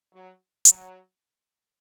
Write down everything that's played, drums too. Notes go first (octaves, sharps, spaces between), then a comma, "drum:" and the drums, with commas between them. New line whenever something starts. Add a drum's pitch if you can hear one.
F#3
F#3, drum: hi-hat